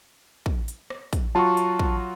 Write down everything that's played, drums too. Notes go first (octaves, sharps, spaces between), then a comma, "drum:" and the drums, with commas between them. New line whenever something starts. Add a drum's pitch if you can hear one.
drum: kick
drum: hi-hat
drum: rim click
drum: kick, hi-hat
F#3 F4 F#4 A5 C#6
drum: hi-hat
drum: kick